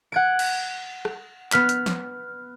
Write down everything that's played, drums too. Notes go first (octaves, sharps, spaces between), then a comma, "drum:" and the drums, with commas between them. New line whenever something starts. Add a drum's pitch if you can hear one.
F#5 G#6 D7
drum: cymbal
drum: rim click
B3 F6 B6, drum: clap
drum: hi-hat
drum: snare